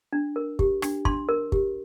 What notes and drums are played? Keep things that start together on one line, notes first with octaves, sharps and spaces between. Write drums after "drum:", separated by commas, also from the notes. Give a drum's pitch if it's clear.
D4
A#4
G4, drum: kick
D4, drum: rim click
D4 C6, drum: kick
A#4
G4, drum: kick